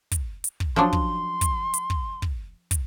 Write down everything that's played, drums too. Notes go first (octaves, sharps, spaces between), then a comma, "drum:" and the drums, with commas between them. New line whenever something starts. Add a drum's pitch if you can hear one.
drum: kick, hi-hat
drum: hi-hat
drum: kick
F3 F#3 D4 C6
drum: kick
drum: kick, hi-hat
drum: hi-hat
drum: kick
drum: kick
drum: kick, hi-hat